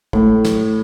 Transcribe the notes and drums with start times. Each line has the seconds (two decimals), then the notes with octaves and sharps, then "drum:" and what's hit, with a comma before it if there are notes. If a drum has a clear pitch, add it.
0.13 A2, drum: kick
0.45 drum: snare